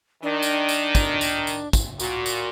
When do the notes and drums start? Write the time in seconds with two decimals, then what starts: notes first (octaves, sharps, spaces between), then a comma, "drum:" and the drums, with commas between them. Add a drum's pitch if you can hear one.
0.23 D#3 D4
0.42 drum: tambourine
0.69 drum: tambourine
0.95 drum: kick, tambourine
1.21 drum: tambourine
1.47 drum: tambourine
1.73 drum: kick, tambourine
2.00 A#2 F#4, drum: tambourine
2.26 drum: tambourine